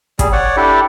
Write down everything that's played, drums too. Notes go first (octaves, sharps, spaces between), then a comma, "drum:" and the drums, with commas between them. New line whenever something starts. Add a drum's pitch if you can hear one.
G3 G#4, drum: kick, hi-hat
C#5 D5 F#5
D4 E4 G4 A4